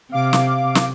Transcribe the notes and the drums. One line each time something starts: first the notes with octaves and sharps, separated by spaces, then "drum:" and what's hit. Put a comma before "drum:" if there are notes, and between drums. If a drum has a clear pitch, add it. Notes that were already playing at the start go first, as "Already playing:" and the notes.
C3 F5 D6
drum: snare
drum: snare